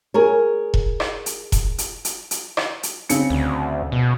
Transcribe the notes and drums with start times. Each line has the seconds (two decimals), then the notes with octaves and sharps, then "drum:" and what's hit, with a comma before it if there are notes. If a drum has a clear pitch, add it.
0.14 G#4 A#4 C#5
0.74 drum: kick E1
1.00 drum: rim click
1.26 drum: hi-hat
1.52 drum: kick E1, hi-hat
1.78 drum: hi-hat
2.05 drum: hi-hat
2.31 drum: hi-hat
2.57 drum: rim click
2.83 drum: hi-hat
3.09 C#3 C4 C#7, drum: hi-hat
3.30 D2
3.92 B2